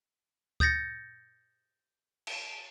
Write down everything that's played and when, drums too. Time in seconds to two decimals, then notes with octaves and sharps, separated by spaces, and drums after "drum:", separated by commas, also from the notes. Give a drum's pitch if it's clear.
0.60 D#6 G6 A6 A#6 C#7, drum: kick D2
2.27 drum: cymbal